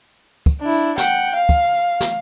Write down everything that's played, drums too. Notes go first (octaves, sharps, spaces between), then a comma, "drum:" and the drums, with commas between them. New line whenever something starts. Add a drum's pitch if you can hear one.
drum: kick, tambourine
D4 E4
drum: tambourine
F#5 G5, drum: snare
F5
drum: kick, tambourine
drum: tambourine
drum: snare